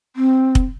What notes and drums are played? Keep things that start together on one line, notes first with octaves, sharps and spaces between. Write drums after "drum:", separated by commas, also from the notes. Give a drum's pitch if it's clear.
C4
drum: kick